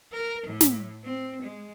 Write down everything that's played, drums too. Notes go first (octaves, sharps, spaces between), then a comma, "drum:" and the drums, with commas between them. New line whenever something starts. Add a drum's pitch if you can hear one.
A#4
A2
drum: snare
C4
G#3